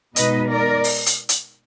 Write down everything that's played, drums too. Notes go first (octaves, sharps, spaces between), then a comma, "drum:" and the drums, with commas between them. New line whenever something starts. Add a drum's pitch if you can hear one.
B2 G#3 B3 D#4 B4 D#5, drum: hi-hat
A#4 D5
drum: open hi-hat
drum: hi-hat
drum: hi-hat